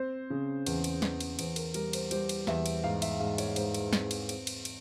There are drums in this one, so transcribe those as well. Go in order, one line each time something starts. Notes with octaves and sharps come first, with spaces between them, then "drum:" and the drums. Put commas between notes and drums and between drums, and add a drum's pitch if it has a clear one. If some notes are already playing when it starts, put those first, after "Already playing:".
Already playing: C4 C5
C#3
E2, drum: cymbal
drum: cymbal
E2, drum: snare
drum: cymbal
E2 C5, drum: cymbal
A#4, drum: cymbal
G3 A#4, drum: cymbal
C5, drum: cymbal
G3 C5, drum: cymbal
drum: cymbal
E2 E5, drum: snare
drum: cymbal
G#2 F5
E5, drum: cymbal
G#2 F5
C#5, drum: cymbal
G#2 C5, drum: cymbal
drum: cymbal
C4, drum: snare
drum: cymbal
C4, drum: cymbal
drum: cymbal
drum: cymbal